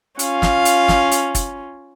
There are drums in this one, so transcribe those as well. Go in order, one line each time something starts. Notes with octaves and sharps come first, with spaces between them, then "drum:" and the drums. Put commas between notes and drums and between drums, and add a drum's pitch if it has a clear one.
C#4 F4 F5, drum: hi-hat
drum: snare
drum: hi-hat
drum: snare
drum: hi-hat
drum: kick, hi-hat